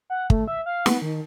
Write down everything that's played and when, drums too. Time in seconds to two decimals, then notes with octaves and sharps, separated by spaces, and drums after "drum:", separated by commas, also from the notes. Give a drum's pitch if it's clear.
0.10 F#5
0.30 A3, drum: kick
0.48 E5
0.66 F5
0.86 B3, drum: snare
1.02 D#3